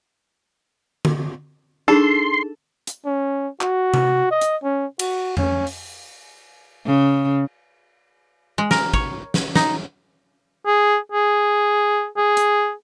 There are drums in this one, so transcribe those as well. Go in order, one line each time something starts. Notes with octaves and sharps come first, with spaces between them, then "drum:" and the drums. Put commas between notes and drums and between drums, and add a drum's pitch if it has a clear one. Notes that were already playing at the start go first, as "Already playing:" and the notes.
drum: tom D3
D4 D#4 G#4 A4 C6
drum: hi-hat
C#4
F#4, drum: clap
drum: tom C3
D#5
drum: hi-hat
C#4
F#4, drum: cymbal
C#4, drum: tom F2
drum: open hi-hat
C#3
G#3
A#4, drum: snare
C#5, drum: kick
drum: snare
D#4, drum: snare
G#4
G#4
G#4
drum: hi-hat